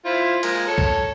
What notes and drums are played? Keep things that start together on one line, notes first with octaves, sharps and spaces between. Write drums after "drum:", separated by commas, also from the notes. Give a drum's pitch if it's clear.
E4 F4 C5
F3 G#3 A#3, drum: cymbal
A4 C#5
drum: kick C2